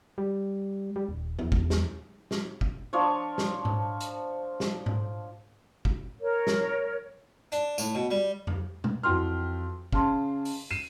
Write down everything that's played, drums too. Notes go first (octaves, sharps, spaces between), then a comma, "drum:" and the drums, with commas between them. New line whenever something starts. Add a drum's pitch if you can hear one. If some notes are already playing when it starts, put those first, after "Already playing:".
G3
G3
D#1
E2, drum: tom E3
drum: kick
drum: snare
drum: snare
drum: kick
F3 D4 C#5
drum: snare
drum: tom G#2
drum: hi-hat
drum: snare
drum: tom G#2
drum: kick
A#4 C#5
drum: snare
D4, drum: hi-hat
A2, drum: tambourine
B2
G3
drum: tom F2
drum: tom B2
F2 E3 F#4 G5 C6 F6
C#3 A5 C6, drum: kick
drum: open hi-hat
C7 D#7 E7